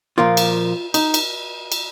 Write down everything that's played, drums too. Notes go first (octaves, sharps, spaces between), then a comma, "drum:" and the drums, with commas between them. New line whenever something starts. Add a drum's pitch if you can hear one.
A#2 F3 A#3 F4
drum: cymbal
D#4, drum: cymbal
drum: cymbal
drum: cymbal